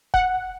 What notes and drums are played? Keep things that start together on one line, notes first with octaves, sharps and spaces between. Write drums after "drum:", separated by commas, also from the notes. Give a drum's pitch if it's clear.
F#5, drum: kick F1